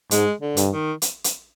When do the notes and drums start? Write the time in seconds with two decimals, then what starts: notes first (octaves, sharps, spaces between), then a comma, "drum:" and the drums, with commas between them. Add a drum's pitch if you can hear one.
0.11 G#2 G#3, drum: hi-hat
0.41 D3
0.57 G2, drum: hi-hat
0.71 D#3
1.02 drum: hi-hat
1.24 drum: hi-hat